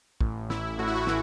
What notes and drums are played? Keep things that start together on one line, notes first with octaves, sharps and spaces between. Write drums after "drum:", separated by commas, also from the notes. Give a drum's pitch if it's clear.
A1, drum: kick
A1 E4, drum: snare
A2 F#4
E4
F#4
E3, drum: snare